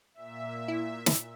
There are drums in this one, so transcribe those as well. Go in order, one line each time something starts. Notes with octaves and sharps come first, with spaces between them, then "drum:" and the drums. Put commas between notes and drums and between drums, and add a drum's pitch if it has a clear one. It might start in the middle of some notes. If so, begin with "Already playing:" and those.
A#2 E5
E4
drum: snare